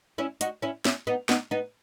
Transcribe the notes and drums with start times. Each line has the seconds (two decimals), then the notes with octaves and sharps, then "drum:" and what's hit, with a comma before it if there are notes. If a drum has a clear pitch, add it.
0.18 C#4 E4
0.41 D#4 F#4, drum: hi-hat
0.62 C#4 E4
0.85 C#4 E4, drum: snare
1.07 B3 D#4
1.29 B3 D#4, drum: snare
1.51 B3 D#4